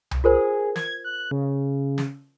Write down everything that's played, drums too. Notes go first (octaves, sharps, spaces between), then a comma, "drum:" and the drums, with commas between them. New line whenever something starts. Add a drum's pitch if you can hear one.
drum: tom C2
F4 G#4 A#4 C5
G#6, drum: snare
F#6
C#3
drum: snare